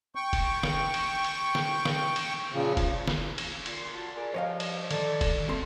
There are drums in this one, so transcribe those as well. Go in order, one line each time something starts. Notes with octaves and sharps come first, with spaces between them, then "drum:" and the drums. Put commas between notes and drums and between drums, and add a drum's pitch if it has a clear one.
G5 C#6
drum: kick E1, cymbal
drum: snare
drum: cymbal
drum: cymbal
drum: snare
drum: snare
drum: cymbal
A#2 C#3 F3
drum: kick E1, cymbal
drum: snare
drum: cymbal
A#2 C6, drum: cymbal
F4 F#4 A5
G#4 A#4 D5
G2 F3 C#5 D#5 F5
drum: cymbal
D#3 A4 D5, drum: cymbal
drum: kick E1, cymbal
G3 A3 A#3 C4 C6